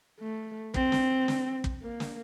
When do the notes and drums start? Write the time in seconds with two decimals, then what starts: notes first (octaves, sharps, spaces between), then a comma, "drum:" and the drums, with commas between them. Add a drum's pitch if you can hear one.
0.20 A3
0.74 C4, drum: kick
0.92 drum: snare
1.28 drum: snare
1.64 drum: kick
1.82 A#3
2.00 drum: snare